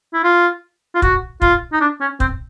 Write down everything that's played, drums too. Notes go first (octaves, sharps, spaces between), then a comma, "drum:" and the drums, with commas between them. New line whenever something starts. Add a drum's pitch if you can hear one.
E4
F4
F4
F#4, drum: kick
F4, drum: kick
D#4
D4
C#4
C4, drum: kick